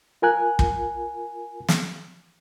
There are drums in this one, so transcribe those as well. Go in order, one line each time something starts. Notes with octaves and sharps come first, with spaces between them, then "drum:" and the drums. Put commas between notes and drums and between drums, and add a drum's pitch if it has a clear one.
F4 A#4 G#5 F#6
drum: kick
drum: snare